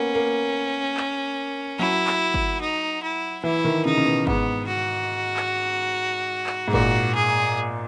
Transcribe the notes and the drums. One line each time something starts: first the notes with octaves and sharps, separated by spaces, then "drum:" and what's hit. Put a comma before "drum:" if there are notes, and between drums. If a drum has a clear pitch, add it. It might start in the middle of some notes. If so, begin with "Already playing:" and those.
Already playing: A#3 B3 C#4
A#3
drum: clap
F#3 E4
drum: clap
drum: kick G1
D#4
E4
E3 E4
D#3
C#3 D#4
C#3
B2
G#2 B3, drum: kick G1
F#4
drum: clap
drum: clap
G#2
A#2 F#4, drum: kick G1
G#4